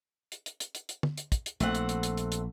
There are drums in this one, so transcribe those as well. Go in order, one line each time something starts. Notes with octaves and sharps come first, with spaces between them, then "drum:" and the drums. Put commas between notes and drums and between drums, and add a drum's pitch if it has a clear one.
drum: hi-hat
drum: hi-hat
drum: hi-hat
drum: hi-hat
drum: hi-hat
drum: tom
drum: hi-hat
drum: kick, hi-hat
drum: hi-hat
A#1 A3 C4 F#5, drum: hi-hat
drum: hi-hat
drum: hi-hat
drum: hi-hat
drum: hi-hat
drum: hi-hat